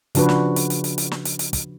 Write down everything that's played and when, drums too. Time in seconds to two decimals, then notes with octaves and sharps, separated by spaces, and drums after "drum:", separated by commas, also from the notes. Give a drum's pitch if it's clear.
0.15 C#3 F3 D4 F#4 B4, drum: hi-hat
0.29 drum: snare
0.56 drum: hi-hat
0.70 drum: hi-hat
0.84 drum: hi-hat
0.98 drum: hi-hat
1.11 drum: snare
1.25 drum: hi-hat
1.39 drum: hi-hat
1.53 drum: kick, hi-hat